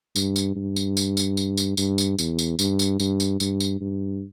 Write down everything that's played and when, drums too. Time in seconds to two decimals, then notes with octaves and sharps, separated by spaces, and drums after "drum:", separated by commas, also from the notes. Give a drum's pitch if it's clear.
0.16 G2, drum: tambourine
0.36 drum: tambourine
0.55 G2
0.76 drum: tambourine
0.97 drum: tambourine
1.17 drum: tambourine
1.37 drum: tambourine
1.57 drum: tambourine
1.77 G2, drum: tambourine
1.98 drum: tambourine
2.18 E2, drum: tambourine
2.39 drum: tambourine
2.59 G2, drum: tambourine
2.79 drum: tambourine
3.00 G2, drum: tambourine
3.20 drum: tambourine
3.40 G2, drum: tambourine
3.60 drum: tambourine
3.81 G2